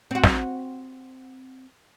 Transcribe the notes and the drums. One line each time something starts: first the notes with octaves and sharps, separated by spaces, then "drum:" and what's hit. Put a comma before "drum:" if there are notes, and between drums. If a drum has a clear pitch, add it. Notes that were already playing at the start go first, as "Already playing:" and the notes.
C4 F#4
drum: snare